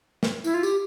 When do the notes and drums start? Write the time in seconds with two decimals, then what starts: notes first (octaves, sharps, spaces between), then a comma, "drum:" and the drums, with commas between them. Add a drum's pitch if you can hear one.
0.23 drum: snare
0.44 E4, drum: tambourine
0.54 F4
0.63 G4, drum: tambourine